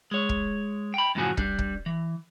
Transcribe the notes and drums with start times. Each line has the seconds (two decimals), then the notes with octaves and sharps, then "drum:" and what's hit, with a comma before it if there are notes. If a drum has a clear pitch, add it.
0.11 G#3 C#5
0.29 drum: kick
0.94 G5 B5
1.15 F#2 A2 C#3 F3 F#4 G#5
1.37 G3 D4, drum: kick
1.59 drum: kick
1.86 E3